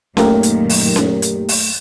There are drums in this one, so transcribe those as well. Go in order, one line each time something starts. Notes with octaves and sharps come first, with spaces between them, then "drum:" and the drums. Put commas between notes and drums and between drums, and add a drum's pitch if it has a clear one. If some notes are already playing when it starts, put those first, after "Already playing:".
F#2 A#2 D#3 A3 A#3 G4 A#4, drum: snare C#4
drum: hi-hat
drum: open hi-hat
drum: snare C#4
drum: hi-hat
drum: open hi-hat